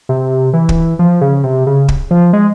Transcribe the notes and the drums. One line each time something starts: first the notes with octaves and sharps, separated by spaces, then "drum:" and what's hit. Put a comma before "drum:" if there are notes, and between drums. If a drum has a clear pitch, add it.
C3
E3
drum: kick
F3
C#3
C3
C#3
drum: kick
F3
G#3